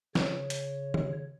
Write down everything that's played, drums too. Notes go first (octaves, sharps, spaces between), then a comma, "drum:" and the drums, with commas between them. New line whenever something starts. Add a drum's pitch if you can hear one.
C#3 C#5, drum: snare
drum: hi-hat
drum: tom D#3